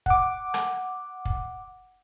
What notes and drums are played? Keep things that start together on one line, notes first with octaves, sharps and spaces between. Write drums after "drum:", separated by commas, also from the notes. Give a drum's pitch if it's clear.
F#5 D6, drum: kick
drum: rim click
drum: kick